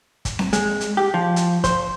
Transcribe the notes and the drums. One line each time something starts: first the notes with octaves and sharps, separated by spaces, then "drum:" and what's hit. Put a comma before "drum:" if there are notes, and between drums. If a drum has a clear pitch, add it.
drum: kick, hi-hat
drum: snare C4
G#3, drum: hi-hat
drum: hi-hat
G4
F3
drum: hi-hat
C5, drum: kick, hi-hat